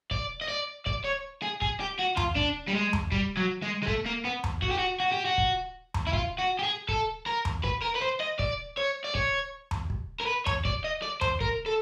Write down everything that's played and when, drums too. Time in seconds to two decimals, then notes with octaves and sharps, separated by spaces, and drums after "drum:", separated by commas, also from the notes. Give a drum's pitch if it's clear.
0.11 D5, drum: kick
0.41 D#5
0.48 D5
0.86 D5, drum: kick
1.05 C#5
1.42 G#4
1.62 G#4, drum: kick
1.80 G4
1.99 F#4
2.17 F4, drum: tom E2
2.36 D4, drum: kick
2.68 G3
2.75 G#3
2.93 drum: tom E2
3.12 G3, drum: kick
3.37 F#3
3.63 G#3
3.83 G#3
3.87 A3, drum: kick
4.06 A#3
4.25 B3
4.44 drum: tom E2
4.62 F#4, drum: kick
4.71 G4
4.78 F#4
5.00 F#4
5.12 G4
5.25 F#4
5.38 drum: kick
5.94 drum: tom E2
6.07 E4
6.13 F4, drum: kick
6.39 F#4
6.59 G4
6.63 G#4
6.89 A4, drum: kick
7.26 A#4
7.45 drum: tom E2
7.64 B4, drum: kick
7.83 A#4
7.96 B4
8.02 C5
8.21 D#5
8.39 D5, drum: kick
8.77 C#5
9.04 D5
9.15 C#5, drum: kick
9.71 drum: tom E2
9.90 drum: kick
10.21 A#4
10.27 B4
10.46 C#5, drum: tom E2
10.65 D5, drum: kick
10.84 D#5
11.02 D5
11.21 C5, drum: tom E2
11.41 A#4, drum: kick
11.66 A4